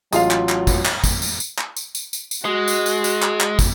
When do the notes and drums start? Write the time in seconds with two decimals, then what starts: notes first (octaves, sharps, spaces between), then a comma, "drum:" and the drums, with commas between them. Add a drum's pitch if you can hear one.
0.13 A1 F#3 G#3 F4 F5, drum: tambourine
0.31 drum: clap
0.49 drum: clap
0.67 drum: kick, tambourine
0.85 drum: clap
1.04 drum: kick, tambourine
1.22 drum: tambourine
1.40 drum: tambourine
1.58 drum: clap
1.77 drum: tambourine
1.95 drum: tambourine
2.13 drum: tambourine
2.31 drum: tambourine
2.45 G#3 F#4
2.68 drum: tambourine
2.86 drum: tambourine
3.04 drum: tambourine
3.22 drum: clap
3.41 drum: clap
3.59 drum: kick, tambourine